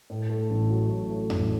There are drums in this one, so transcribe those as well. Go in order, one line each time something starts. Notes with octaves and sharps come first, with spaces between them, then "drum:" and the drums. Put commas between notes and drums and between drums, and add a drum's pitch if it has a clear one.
A2
A3
A1
F#3
A2
A3
A1, drum: tom F2